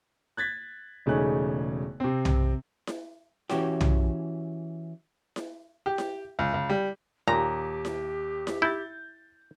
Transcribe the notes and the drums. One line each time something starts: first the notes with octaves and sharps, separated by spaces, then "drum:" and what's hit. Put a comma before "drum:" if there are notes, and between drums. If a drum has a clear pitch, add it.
F#6 G#6 A6 B6
E1 C#3 A3 D#4 G#5 F#6
C3 C4
drum: tom
drum: snare E4
E3 C#4 F#4 G4, drum: snare E4
drum: tom
drum: snare E4
G4
drum: snare E4
C#2
C#2
G3
D#2 A#2 G4 A#5
drum: snare E4
drum: snare E4
E4 G6 A6